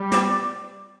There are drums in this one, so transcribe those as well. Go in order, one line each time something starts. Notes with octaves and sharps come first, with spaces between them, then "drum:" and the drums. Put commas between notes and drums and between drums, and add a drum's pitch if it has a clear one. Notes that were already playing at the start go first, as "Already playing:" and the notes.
Already playing: G3
D5, drum: snare
D5